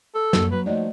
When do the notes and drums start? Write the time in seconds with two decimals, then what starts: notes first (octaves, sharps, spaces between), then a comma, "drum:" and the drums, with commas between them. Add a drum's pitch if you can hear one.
0.15 A4
0.33 F#2 A#3, drum: snare
0.52 F#3 B4
0.66 F3 F#3 A3 D#4 D5